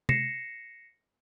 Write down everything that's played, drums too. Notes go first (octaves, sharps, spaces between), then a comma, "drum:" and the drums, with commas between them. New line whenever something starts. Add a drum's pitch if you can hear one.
A#6 C7 C#7 E7, drum: tom C3